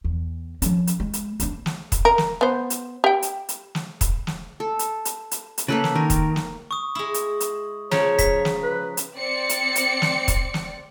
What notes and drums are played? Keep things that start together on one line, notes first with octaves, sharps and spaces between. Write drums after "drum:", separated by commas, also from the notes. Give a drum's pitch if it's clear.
E2
F3 C#4, drum: hi-hat
drum: hi-hat
G#3
drum: hi-hat
A#3 D4, drum: hi-hat
drum: snare
drum: kick, hi-hat
A#4
drum: snare
B3 C5
drum: hi-hat
G4 G5
drum: hi-hat
drum: hi-hat
drum: snare
drum: kick, hi-hat
drum: snare
A4
drum: hi-hat
drum: hi-hat
drum: hi-hat
drum: hi-hat
C#3 A#3 A4 B4
drum: snare
D#3 A#4
drum: kick, hi-hat
drum: snare
C#6 D#6
G#3 E4
drum: hi-hat
drum: hi-hat
C#3 F3 C#5 A#5, drum: snare
B6, drum: kick, hi-hat
drum: snare
B4
drum: hi-hat
C4 D5 C#7
drum: hi-hat
drum: hi-hat
drum: snare
drum: kick, hi-hat
drum: snare